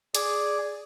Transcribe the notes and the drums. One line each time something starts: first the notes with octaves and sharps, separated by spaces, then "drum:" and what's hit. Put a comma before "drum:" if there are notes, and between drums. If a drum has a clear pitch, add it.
G#4 D5, drum: hi-hat